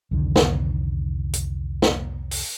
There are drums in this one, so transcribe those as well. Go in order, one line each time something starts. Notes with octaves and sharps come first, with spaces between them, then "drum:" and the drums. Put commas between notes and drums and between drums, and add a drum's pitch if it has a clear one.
C2 F2 D3 D#3
drum: snare
drum: hi-hat
drum: snare
drum: open hi-hat